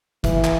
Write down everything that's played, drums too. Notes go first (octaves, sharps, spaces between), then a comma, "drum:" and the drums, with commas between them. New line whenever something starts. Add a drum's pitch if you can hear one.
E3, drum: kick, hi-hat
drum: clap